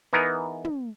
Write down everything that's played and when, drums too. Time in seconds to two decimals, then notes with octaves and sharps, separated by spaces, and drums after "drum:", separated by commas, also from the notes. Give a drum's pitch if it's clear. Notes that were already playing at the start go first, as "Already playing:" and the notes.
0.13 E3 B3 D#4 G#4 A#4
0.64 drum: tom